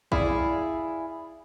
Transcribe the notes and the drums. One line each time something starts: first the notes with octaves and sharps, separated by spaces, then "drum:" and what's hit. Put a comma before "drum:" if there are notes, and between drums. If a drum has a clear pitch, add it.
E4 G#4 D5 F5, drum: kick A#1